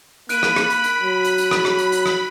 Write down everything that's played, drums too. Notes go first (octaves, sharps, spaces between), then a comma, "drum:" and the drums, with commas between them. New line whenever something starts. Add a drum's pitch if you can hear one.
A#3 B5 F#6 D7 D#7, drum: hi-hat
drum: rim click
drum: rim click
drum: hi-hat
drum: hi-hat
F#3
drum: hi-hat
drum: hi-hat
drum: rim click
drum: rim click
drum: hi-hat
drum: hi-hat
drum: rim click